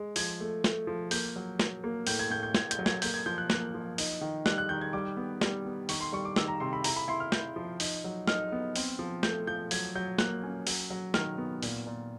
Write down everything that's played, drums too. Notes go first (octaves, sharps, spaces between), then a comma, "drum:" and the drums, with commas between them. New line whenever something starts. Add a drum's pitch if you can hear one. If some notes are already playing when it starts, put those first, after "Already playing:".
Already playing: G#3
F3 G#6, drum: open hi-hat
A3
A3, drum: snare
F3
A#3 G6, drum: open hi-hat
F#3
F#3, drum: snare
A#3
A2 G6, drum: open hi-hat
G#6
A2 G6
G6
A2 G#6, drum: snare
G6, drum: hi-hat
F#3
G#6, drum: snare
A#3 G6, drum: open hi-hat
G#6
F3 G6
F#6
A#3 F#6, drum: snare
F3
D#4, drum: open hi-hat
D#3
G3 F#6, drum: snare
F#6
D#3 G6
G#6
G3 D6
B3
G3, drum: snare
B3
D#3 C#6, drum: open hi-hat
C6
G3 C#6
D6
D#3 E6, drum: snare
A#5
C3 C6
B5
E4 A#5, drum: open hi-hat
B5
E4 C6
F6
E4 G6, drum: snare
F3
D#4, drum: open hi-hat
F#3
D#4 F6, drum: snare
B3
C4, drum: open hi-hat
F3
A3 G6, drum: snare
F3 G6
F#3 G#6, drum: open hi-hat
F#3 G6
A#3 F#6, drum: snare
C#4
F#3, drum: open hi-hat
F#3
D#3 F6, drum: snare
B3
A#2, drum: open hi-hat
A#2